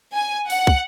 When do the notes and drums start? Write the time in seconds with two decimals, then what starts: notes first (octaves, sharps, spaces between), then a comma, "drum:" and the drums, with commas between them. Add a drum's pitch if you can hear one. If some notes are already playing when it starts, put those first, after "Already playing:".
0.14 G#5
0.50 F#5, drum: open hi-hat
0.67 drum: kick